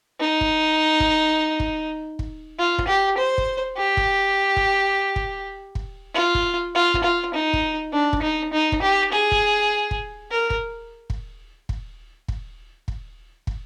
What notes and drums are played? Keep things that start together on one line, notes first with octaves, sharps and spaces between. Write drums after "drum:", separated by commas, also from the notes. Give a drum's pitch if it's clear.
D#4
drum: kick
drum: kick
drum: kick
drum: kick
F4
drum: kick
G4
C5
drum: kick
G4
drum: kick
drum: kick
drum: kick
drum: kick
F4
drum: kick
F4
drum: kick
F4
D#4
drum: kick
D4
drum: kick
D#4
D#4
drum: kick
G4
G#4
drum: kick
drum: kick
A#4
drum: kick
drum: kick
drum: kick
drum: kick
drum: kick
drum: kick